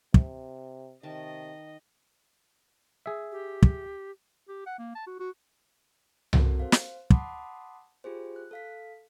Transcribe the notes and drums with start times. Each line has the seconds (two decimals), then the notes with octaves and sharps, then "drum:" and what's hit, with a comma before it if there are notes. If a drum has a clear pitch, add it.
0.14 C3, drum: kick
1.03 C3 D#3 D#5 A5
3.06 G#4 E5
3.32 G4
3.62 drum: kick
4.48 G4
4.67 F#5
4.79 A#3
4.95 A5
5.07 F#4
5.20 F#4
6.33 C4 F#4 A4 A#4, drum: tom C2
6.60 C5 F5
6.72 drum: snare
7.10 F#5 A5 B5 C6 D6 D#6, drum: kick
8.04 F4 G4 G#4 C5
8.36 F#6
8.51 A4 F5 B6